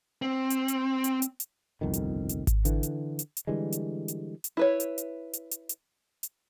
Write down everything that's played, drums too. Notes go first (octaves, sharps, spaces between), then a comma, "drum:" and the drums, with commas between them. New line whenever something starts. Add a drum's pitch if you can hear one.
C4
drum: hi-hat
drum: hi-hat
drum: hi-hat
drum: hi-hat
drum: hi-hat
G1 C2 F2 D#3
drum: hi-hat
drum: hi-hat
drum: kick G#1, hi-hat
D3 E3, drum: hi-hat
drum: hi-hat
drum: hi-hat
drum: hi-hat
D3 E3 G3 G#3
drum: hi-hat
drum: hi-hat
drum: hi-hat
E4 B4 C#5
drum: hi-hat
drum: hi-hat
drum: hi-hat
drum: hi-hat
drum: hi-hat
drum: hi-hat